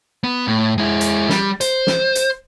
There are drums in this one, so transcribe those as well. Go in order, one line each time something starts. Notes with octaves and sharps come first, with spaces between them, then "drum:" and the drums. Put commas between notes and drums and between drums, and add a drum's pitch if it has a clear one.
B3
A2
G#3 E4
drum: hi-hat
G3, drum: snare
C5, drum: hi-hat
drum: snare
drum: hi-hat